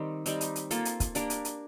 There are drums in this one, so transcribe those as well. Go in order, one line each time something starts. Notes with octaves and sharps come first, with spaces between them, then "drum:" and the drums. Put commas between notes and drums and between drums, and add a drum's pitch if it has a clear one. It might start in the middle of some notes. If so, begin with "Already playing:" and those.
Already playing: D#3 G3 C4 G4
G3 C4 D#4 G4, drum: hi-hat
drum: hi-hat
drum: hi-hat
A#3 F4 A4, drum: hi-hat
drum: hi-hat
drum: kick, hi-hat
A#3 D4 G4 A#4, drum: hi-hat
drum: hi-hat
drum: hi-hat